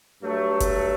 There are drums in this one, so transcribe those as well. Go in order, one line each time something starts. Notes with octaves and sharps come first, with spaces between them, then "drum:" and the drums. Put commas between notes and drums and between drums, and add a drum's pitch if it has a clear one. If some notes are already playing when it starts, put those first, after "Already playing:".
G2 F#3 A3
drum: kick F#1, hi-hat